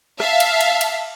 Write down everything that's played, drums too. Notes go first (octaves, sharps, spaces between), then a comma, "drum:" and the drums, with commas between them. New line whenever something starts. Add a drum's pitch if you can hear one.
E5 F5 A5, drum: rim click
drum: cymbal
drum: cymbal
drum: cymbal